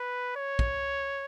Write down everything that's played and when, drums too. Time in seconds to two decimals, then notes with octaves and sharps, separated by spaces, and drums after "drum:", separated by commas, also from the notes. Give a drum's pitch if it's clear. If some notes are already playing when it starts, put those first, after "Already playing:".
Already playing: B4
0.36 C#5
0.59 drum: kick